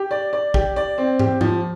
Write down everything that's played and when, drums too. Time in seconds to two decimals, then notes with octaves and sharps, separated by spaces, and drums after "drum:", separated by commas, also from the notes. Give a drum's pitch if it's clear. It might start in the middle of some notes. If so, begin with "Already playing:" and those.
Already playing: G4
0.11 D5
0.33 D5
0.54 G4, drum: kick
0.76 D5
0.98 C4
1.19 G4, drum: tom
1.41 F3, drum: tom G#2